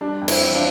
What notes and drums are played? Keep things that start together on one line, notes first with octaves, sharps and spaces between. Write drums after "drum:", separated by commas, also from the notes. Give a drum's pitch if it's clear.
G3 D4
F2
C4 E4, drum: cymbal
E3
E4
D4 F4